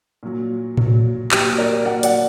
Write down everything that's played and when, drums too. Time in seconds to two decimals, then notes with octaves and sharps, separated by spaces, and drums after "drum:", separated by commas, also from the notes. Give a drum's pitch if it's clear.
0.23 A#2 F#3
0.77 A#2 F#3, drum: tom A2
1.31 A#2 F#3 G4, drum: clap
1.58 A#4 D5
1.85 A#2 F#3 D5 F#5
2.03 D5 F#5, drum: hi-hat